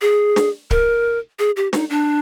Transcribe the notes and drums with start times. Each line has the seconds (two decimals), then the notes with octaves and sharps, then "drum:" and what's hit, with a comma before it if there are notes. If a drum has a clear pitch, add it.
0.01 G#4
0.36 drum: snare
0.71 A#4, drum: kick C#1
1.39 G#4
1.56 G4
1.73 D#4, drum: snare
1.90 D4